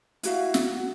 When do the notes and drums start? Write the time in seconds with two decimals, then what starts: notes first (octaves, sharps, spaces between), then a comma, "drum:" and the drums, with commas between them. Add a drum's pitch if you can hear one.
0.23 E4 F#4 F5, drum: hi-hat
0.54 drum: snare
0.68 F#4